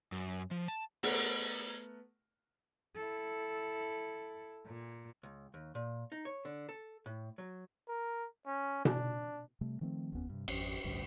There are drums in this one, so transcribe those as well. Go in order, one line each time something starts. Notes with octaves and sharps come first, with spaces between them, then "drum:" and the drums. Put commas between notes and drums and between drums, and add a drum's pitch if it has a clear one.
F#2
F3
A5
A3 B3 A#4 F#5, drum: open hi-hat
E4 A4
A#2
C#2
D#2
A#2
D#4
C#5
D3
A4
A2
F#3
A#4
C#4
D4, drum: tom B2
C3 G3 A3
D#3 F3 A3 C4
F1 D#2 B3 C#4
G2 C3
G#1 F2, drum: cymbal
A1 D2 G2